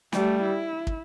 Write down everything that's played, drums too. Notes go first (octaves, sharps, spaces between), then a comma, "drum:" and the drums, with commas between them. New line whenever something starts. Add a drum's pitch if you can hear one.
G3 A3, drum: snare
E4
drum: kick